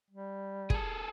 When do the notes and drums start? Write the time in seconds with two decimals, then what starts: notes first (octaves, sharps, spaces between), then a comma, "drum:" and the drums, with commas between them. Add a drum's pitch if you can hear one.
0.11 G3
0.70 G#4 A4, drum: kick